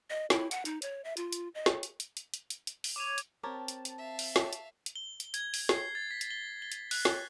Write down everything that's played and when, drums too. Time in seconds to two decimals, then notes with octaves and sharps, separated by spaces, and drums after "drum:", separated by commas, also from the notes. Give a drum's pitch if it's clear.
0.10 D#5
0.30 E4, drum: snare
0.51 F#5, drum: hi-hat
0.65 D#4, drum: hi-hat
0.82 C#5, drum: hi-hat
1.04 E5
1.17 F4, drum: hi-hat
1.33 drum: hi-hat
1.55 D#5
1.66 drum: snare
1.83 drum: hi-hat
2.00 drum: hi-hat
2.17 drum: hi-hat
2.34 drum: hi-hat
2.50 drum: hi-hat
2.67 drum: hi-hat
2.84 drum: open hi-hat
2.96 C#5 D6 D#7 F7
3.18 drum: hi-hat
3.43 C4 G4 A#4 C5 C#5 A5
3.68 drum: hi-hat
3.85 drum: hi-hat
3.98 E5 F5
4.19 drum: open hi-hat
4.36 drum: snare
4.53 drum: hi-hat
4.86 drum: hi-hat
4.96 G7
5.20 drum: hi-hat
5.34 G#6, drum: hi-hat
5.54 drum: open hi-hat
5.69 C7, drum: snare
5.95 A6
6.11 B6
6.21 drum: hi-hat
6.31 G7
6.62 G7
6.72 drum: hi-hat
6.91 F#6, drum: open hi-hat
7.05 drum: snare